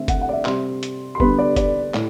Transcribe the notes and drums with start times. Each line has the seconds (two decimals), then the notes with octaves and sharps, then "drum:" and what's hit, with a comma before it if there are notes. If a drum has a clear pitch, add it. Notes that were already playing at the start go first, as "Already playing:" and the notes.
Already playing: D3 A3 C4 E5
0.08 F#5, drum: kick F#1, hi-hat
0.21 F#5
0.29 D5
0.33 E5
0.45 C3 G3 C4 C6, drum: clap
0.83 drum: hi-hat
1.15 C6
1.20 D3 G3 B3 B5, drum: kick F#1
1.39 D5
1.56 D5, drum: kick F#1, hi-hat
1.94 A2, drum: clap